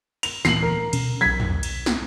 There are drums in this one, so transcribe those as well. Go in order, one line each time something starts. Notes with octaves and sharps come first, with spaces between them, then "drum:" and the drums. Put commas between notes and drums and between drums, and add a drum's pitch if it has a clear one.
F7, drum: cymbal
D1 A#2 E3 C7 F#7, drum: snare
A#4
B2 C#4, drum: cymbal
B1 F#3 G#6 B6
drum: tom
drum: cymbal
drum: snare